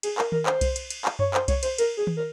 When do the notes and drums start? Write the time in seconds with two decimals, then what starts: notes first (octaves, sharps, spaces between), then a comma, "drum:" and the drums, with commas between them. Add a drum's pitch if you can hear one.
0.03 G#4, drum: cymbal
0.18 A#4, drum: clap
0.32 A#4, drum: tom D#3
0.46 C5, drum: clap
0.61 drum: kick C2, cymbal
0.76 drum: cymbal
0.90 drum: cymbal
1.05 drum: clap
1.19 C#5, drum: tom F#2
1.34 C5, drum: clap
1.48 C#5, drum: kick C2, cymbal
1.63 C5, drum: cymbal
1.78 A#4, drum: cymbal
1.97 G#4
2.07 drum: tom D#3
2.17 A#4